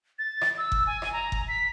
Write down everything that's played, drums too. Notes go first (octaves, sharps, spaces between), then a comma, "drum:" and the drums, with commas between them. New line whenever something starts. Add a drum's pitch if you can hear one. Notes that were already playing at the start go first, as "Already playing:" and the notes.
A6
drum: rim click
E6
drum: kick F#1
G#5
drum: rim click
A#5
drum: kick F#1
B6